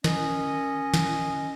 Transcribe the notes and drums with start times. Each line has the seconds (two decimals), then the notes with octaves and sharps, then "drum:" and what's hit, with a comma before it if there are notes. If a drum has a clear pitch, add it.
0.04 C#4 A#4 D#5, drum: snare
0.94 drum: snare